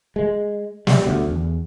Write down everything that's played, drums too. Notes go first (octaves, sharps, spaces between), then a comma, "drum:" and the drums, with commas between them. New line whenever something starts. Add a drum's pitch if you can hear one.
G#3
G3, drum: snare
D2
E2